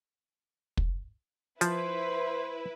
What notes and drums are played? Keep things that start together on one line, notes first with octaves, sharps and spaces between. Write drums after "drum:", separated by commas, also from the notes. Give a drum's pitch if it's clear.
drum: kick
F3 E4 B4 C5, drum: hi-hat